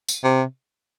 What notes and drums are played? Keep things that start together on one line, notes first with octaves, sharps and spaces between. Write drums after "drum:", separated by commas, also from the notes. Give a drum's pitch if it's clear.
drum: tambourine
C3